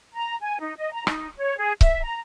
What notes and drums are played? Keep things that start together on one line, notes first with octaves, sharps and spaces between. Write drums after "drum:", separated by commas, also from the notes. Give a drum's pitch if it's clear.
A#5
G#5
D#4
D#5
A#5
D#4, drum: rim click
C#5
G#4
E5, drum: kick C#1
A#5